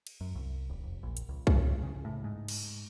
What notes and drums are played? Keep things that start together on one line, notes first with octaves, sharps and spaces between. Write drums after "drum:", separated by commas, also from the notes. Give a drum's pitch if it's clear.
drum: cymbal
F#2
C2
D#1
F1
A#1
drum: hi-hat
C#2
G#2, drum: kick C2
C#3
A2
G#2
drum: cymbal